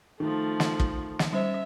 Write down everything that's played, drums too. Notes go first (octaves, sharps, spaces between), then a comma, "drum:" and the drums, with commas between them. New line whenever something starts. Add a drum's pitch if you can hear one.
D#3 F3 A3
drum: snare
drum: kick
drum: snare
G3 C#4 C5 E5